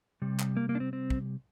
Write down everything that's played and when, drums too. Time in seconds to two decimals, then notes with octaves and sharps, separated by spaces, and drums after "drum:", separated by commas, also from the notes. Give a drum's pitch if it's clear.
0.22 C3 G3
0.39 drum: clap
0.57 A#3
0.69 A#3
0.75 D4
0.80 C4
0.93 C4
1.10 drum: kick